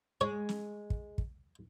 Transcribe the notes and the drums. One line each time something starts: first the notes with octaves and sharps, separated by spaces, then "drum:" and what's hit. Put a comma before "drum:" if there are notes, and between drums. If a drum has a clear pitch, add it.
G#3 C#5
drum: snare
drum: kick
drum: kick